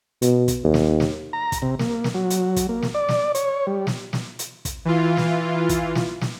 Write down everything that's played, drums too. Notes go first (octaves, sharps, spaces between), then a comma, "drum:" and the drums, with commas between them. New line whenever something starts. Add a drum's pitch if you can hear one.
B2, drum: hi-hat
drum: kick, hi-hat
D#2
drum: snare
drum: snare
A#5
drum: kick, hi-hat
C3
A#3, drum: snare
drum: snare
F#3
drum: hi-hat
drum: kick, hi-hat
A#3
drum: snare
D5
drum: snare
C#5, drum: hi-hat
G3
drum: snare
drum: snare
drum: hi-hat
drum: kick, hi-hat
E3 F4
drum: snare
drum: kick, hi-hat
drum: snare
drum: snare